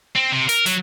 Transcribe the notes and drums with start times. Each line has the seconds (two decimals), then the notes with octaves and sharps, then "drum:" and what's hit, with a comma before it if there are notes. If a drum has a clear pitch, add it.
0.16 C4
0.33 C3
0.49 A#4, drum: hi-hat
0.66 F#3, drum: hi-hat